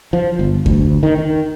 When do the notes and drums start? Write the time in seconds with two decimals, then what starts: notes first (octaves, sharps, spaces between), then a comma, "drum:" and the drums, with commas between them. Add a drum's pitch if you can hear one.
0.13 F3
0.39 G1
0.66 D2, drum: kick F2
1.03 D#3
1.18 D#3